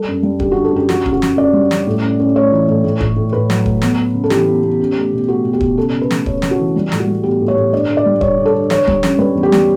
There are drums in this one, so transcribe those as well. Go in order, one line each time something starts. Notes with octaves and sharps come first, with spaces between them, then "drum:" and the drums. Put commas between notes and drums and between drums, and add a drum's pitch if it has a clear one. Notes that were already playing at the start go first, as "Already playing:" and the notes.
Already playing: G3 A4
F#2
G3
D3 G4, drum: kick D#1
D3 F#4
A4
F#2 G4
C#4 F#4, drum: snare
C#3, drum: kick D#1
F#4
C#3, drum: snare
C#4 D5
G3
C#4, drum: snare
A2
C#4
C#4
A3 C#5
E3
A2
A2
A2, drum: kick D#1
A2
A2 B4
F#3, drum: snare
A3, drum: kick D#1
B3, drum: snare
B3
C#3
A4
E3 G4, drum: snare
B3
B3
C#4
A3
B2
A3 F#4
B2
G4
B2, drum: kick D#1
C#3 A4
C#3
B4
A3, drum: snare
C#3 C#5, drum: kick D#1
C#3, drum: snare
F#4
E3
G3
A2, drum: snare
F#4
G3
B3 G4
A2
C#5
A2
G2 D5
D3
D5
G3
G2 C#5, drum: kick D#1
D3
A4
D3
D3 C#5, drum: snare
G3, drum: kick D#1
C#4, drum: snare
G3 B4
E2
G4
G3, drum: snare